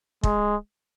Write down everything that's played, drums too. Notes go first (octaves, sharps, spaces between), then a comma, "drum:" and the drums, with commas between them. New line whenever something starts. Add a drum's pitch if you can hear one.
G#3, drum: kick